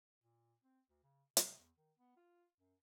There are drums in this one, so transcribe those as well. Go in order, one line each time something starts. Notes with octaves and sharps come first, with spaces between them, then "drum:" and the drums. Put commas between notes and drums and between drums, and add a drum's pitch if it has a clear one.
A#2
C4
D2
C#3
C3, drum: hi-hat
E2
D#3
B3
F4
F#2